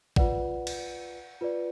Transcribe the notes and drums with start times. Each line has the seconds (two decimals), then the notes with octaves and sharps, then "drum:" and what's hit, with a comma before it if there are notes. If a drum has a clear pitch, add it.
0.16 F4 B4 D5 F#5, drum: kick A1
0.67 drum: cymbal
1.41 F4 B4 D5